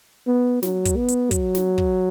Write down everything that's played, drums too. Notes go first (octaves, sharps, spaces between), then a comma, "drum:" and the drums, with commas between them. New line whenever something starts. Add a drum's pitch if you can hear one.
B3
F#3, drum: snare
drum: kick, hi-hat
B3
drum: hi-hat
F#3, drum: kick, hi-hat
drum: snare
drum: kick